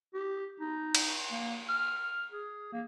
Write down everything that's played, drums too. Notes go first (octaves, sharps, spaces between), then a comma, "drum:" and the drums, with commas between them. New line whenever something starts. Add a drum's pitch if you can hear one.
G4
D#4
drum: cymbal
A#3
F6
F6
G#4
A#3